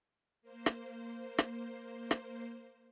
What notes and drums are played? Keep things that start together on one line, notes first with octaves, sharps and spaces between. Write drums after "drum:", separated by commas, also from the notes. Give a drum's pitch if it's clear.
A#3 C5
drum: rim click
drum: rim click
drum: rim click